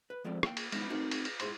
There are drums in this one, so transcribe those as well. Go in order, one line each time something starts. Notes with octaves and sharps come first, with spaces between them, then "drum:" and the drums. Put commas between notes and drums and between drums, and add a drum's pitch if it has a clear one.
B4
F3 G#3 A3 C4 D5
A#3 G5, drum: rim click
drum: cymbal
G#3 B3 C#4 D#4 E4, drum: cymbal
A3 C4 D#4 F#4 A#4 F#5
drum: cymbal
drum: cymbal
G#2 E4 G#4 C5 C6, drum: cymbal